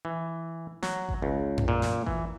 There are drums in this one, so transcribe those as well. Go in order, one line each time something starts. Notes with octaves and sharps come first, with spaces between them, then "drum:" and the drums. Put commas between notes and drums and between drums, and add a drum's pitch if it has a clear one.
E3
F#3, drum: snare
drum: kick G#1
C#2
drum: tom F#2
A#2
drum: snare
E3, drum: kick G#1